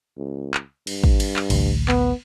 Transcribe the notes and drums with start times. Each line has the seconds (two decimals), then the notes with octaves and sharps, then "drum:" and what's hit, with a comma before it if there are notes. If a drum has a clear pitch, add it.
0.17 C#2
0.54 drum: clap
0.87 G2, drum: cymbal
1.04 drum: kick
1.20 drum: cymbal
1.36 drum: clap
1.50 A1 D2, drum: cymbal
1.88 B3, drum: clap